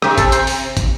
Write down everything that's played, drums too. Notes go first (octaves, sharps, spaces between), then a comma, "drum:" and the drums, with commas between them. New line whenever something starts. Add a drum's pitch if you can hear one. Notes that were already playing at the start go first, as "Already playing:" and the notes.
C3 G4, drum: rim click
A4, drum: kick, hi-hat
C5, drum: hi-hat
drum: open hi-hat
drum: kick, hi-hat